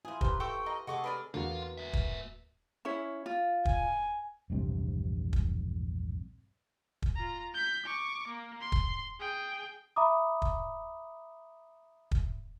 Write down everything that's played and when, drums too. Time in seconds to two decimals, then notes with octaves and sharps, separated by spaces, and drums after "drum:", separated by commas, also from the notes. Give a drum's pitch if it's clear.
0.05 C#3 E4 F4 G#4
0.21 A#3 D#4 G4 B4 C5, drum: kick
0.40 C4 A4 G5 C#6 E6
0.66 A#3 D#5
0.87 C3 G#4 A4 D#5 F#5 C#6 D6
1.04 D4 A#4 B4 D5
1.34 E2 D3 A#3 B3 F4 F#4 F5
1.77 G#3 E5
1.93 drum: kick
2.85 C#4 E4 C#5
3.26 F4
3.65 G#5, drum: kick
4.50 E1 A#1 G2 C3
5.33 drum: kick
7.02 drum: kick
7.16 F4 A#5
7.54 G6 B6
7.86 C#6 D6
8.28 A#3
8.61 C6
8.72 drum: kick
9.20 G#4 G5
9.96 E5 A#5 B5 D6 D#6
10.42 drum: kick
12.11 drum: kick